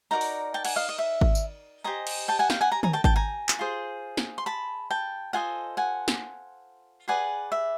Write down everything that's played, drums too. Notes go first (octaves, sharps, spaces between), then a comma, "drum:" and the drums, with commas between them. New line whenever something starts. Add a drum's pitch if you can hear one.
D#4 F#4 A#4 D5 A#5
drum: open hi-hat
G5 A5
F#5 G#5, drum: cymbal
D#5 F5
D#5
E5
drum: kick G#1
drum: tambourine
G4 C5 D#5 G#5 A#5
drum: cymbal
G5 A5
F#5 G#5
F5 G5, drum: snare
F#5 G#5
G#5 A#5
G#5 A#5, drum: tom
G5 A5
G5 A5, drum: kick G#1
G#5 A#5
drum: clap
F4 G#4 C5
drum: snare
C6
A5 B5
G5 A5
F4 A4 C5 D#5 F#5 G#5
F#5 G#5
drum: snare
G#4 B4 D5 F#5 G#5
E5